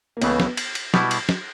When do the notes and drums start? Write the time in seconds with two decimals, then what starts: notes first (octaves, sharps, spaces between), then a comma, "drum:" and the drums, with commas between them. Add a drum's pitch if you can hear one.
0.17 A#3
0.22 C#2 C#3 E3 A3 B3, drum: cymbal
0.40 drum: snare
0.57 drum: cymbal
0.75 drum: cymbal
0.94 B2 G3 B3 E4, drum: snare
1.11 drum: cymbal
1.29 drum: snare